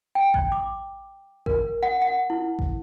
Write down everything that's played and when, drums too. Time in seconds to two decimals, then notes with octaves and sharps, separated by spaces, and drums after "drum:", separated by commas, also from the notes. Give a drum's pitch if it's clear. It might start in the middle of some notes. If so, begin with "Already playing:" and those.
0.15 G5
0.34 drum: kick A1
0.52 D6
1.46 A#4, drum: kick A1
1.83 F#5
2.02 F#5
2.30 E4
2.59 drum: kick A1